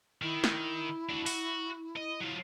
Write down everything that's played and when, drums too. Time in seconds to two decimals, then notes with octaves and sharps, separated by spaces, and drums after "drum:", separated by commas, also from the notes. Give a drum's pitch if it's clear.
0.22 D#3 E4
0.44 drum: snare
1.09 D4 F#4
1.26 F#4, drum: open hi-hat
1.96 D#5
2.20 F#3 F4